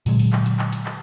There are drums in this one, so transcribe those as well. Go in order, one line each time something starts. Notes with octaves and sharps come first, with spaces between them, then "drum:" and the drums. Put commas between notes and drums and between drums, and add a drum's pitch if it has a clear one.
A#2 D3 F#3 G#3, drum: open hi-hat
drum: open hi-hat
drum: clap
drum: hi-hat
drum: clap
drum: hi-hat
drum: clap